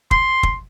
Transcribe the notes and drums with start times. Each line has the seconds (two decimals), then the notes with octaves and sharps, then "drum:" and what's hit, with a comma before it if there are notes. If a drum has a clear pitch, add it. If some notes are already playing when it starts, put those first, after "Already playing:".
0.11 C6, drum: kick
0.43 drum: kick